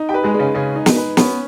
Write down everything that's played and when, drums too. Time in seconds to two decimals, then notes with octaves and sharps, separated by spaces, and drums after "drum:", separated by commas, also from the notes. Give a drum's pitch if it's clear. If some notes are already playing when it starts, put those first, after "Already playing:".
Already playing: D#4
0.09 G4 G5
0.14 B4
0.24 G#3 G#4
0.34 G#3
0.39 C#3 C#4
0.54 C#3 C#4 G#4
0.76 D#4
0.86 drum: snare
0.96 B4
1.17 B3 C#4, drum: snare